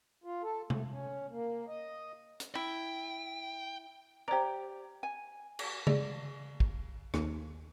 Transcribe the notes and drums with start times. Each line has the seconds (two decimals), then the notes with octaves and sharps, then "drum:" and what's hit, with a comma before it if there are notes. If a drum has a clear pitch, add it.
0.24 F4
0.43 A4
0.70 A3, drum: tom C3
0.91 C#4
1.29 A#3
1.68 D#5
2.40 drum: hi-hat
2.55 E4 G5
4.28 G4 C5 D5 A#5
5.03 G#5
5.59 drum: cymbal
5.87 G#4 D5, drum: tom C#3
6.60 drum: kick
7.14 D#2, drum: rim click